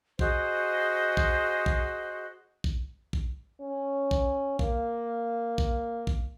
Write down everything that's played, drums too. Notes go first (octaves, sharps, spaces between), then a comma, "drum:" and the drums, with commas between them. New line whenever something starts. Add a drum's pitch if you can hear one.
F#4 G#4 C5 D#5, drum: kick
drum: kick
drum: kick
drum: kick
drum: kick
C#4
drum: kick
A#3, drum: kick
drum: kick
drum: kick